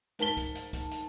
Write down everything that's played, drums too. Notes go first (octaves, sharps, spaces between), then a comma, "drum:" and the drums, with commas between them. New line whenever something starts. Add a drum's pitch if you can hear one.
G#2 A#4 A5 B6 G7, drum: hi-hat
drum: kick, hi-hat
drum: hi-hat
drum: kick, hi-hat
drum: hi-hat